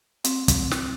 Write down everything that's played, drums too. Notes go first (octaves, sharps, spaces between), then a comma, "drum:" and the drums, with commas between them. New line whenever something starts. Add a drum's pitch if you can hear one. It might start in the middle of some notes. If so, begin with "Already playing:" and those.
C4, drum: hi-hat
drum: kick, hi-hat
drum: snare